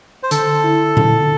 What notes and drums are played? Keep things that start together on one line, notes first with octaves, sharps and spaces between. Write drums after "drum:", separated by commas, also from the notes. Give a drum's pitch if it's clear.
C5
D3 A4, drum: hi-hat
E4
D3, drum: tom A#2